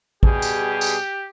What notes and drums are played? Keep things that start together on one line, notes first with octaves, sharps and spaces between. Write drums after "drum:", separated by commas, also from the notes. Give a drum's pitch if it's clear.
B2 G3 G4 G#4, drum: kick
drum: tambourine
drum: tambourine